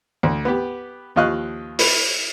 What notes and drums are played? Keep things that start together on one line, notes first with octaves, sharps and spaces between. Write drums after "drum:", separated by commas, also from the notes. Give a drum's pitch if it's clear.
D2
B3 G4
D#2 F3 D#5 F5 C#6 F#6
B4, drum: open hi-hat